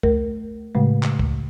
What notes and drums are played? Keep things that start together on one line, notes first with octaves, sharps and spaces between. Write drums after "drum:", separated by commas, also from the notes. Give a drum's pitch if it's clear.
A3 A#4, drum: kick C#2
A2 C#3 G#3 A3
drum: clap
drum: kick C#2